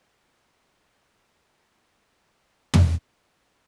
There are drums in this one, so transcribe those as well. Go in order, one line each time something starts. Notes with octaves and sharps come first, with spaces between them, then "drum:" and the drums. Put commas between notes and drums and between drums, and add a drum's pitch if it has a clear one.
B2
C#3
B2
C#3
D#3
F#3
G#3
B3
F#3
B3
G#3
F#3
C#3
C#3
D#3
drum: tom
C#4
B3